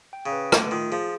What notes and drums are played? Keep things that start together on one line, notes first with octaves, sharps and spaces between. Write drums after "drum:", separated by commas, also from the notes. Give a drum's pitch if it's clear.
G5
C#3
B4
D3 A3, drum: rim click
D#3 F4
F3 G#4